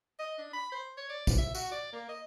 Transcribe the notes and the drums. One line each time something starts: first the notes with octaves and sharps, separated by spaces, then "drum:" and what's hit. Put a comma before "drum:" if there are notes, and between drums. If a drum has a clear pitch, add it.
D#5
D4
B5
C5
C#5
D5
drum: kick A#1, tambourine
E5
F#4, drum: tambourine
D5
A#3
D#5